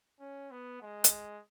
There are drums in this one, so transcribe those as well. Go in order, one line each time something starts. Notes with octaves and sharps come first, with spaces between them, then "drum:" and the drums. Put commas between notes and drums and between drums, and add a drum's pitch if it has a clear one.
C#4
B3
G#3
drum: hi-hat